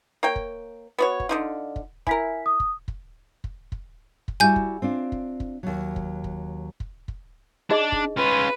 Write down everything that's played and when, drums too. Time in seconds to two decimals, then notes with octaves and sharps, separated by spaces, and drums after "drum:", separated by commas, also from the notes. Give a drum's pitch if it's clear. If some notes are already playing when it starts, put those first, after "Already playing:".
0.23 A#3 C#5 G5
0.36 drum: kick
0.98 B3 F#4 C#5
1.20 drum: kick
1.29 D3 D#4 F4
1.76 drum: kick
2.07 E4 A#4 G#5 B6, drum: kick
2.46 D#6
2.60 drum: kick
2.88 drum: kick
3.44 drum: kick
3.72 drum: kick
4.28 drum: kick
4.40 G3 E4 F#4 G#5 G6
4.56 drum: kick
4.82 C4 D4 F4
5.12 drum: kick
5.40 drum: kick
5.63 D#2 F#3
5.96 drum: kick
6.24 drum: kick
6.80 drum: kick
7.08 drum: kick
7.70 D4 D#4 G#4 D#5
7.92 drum: kick
8.17 C#4 F4 B4